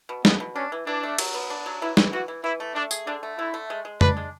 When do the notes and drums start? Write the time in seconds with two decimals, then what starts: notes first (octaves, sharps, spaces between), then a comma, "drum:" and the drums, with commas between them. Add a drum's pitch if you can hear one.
0.09 B2
0.25 B2 B3, drum: snare
0.40 B2
0.56 C#4 D4
0.72 E3
0.87 E3 D4
1.03 A3
1.18 F#3, drum: cymbal
1.34 B3
1.50 D4
1.66 F#3
1.81 E3 E4
1.97 E3, drum: snare
2.13 E3 F#4
2.28 E3
2.44 E3 E4
2.60 A3
2.75 A3 D4
2.91 G#4, drum: tambourine
3.07 D3 D4
3.23 A3
3.38 D3 E4
3.54 A3
3.70 G#3
3.85 G#3
4.01 D4 B4, drum: tom F2
4.17 G#3